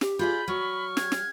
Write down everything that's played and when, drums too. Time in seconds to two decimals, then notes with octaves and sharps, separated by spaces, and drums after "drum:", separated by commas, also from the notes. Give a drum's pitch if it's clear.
0.01 G4, drum: snare
0.19 F4 G#4 D5 B5 G6
0.48 F#3 C#6 F6
0.97 G#6, drum: snare
1.12 drum: snare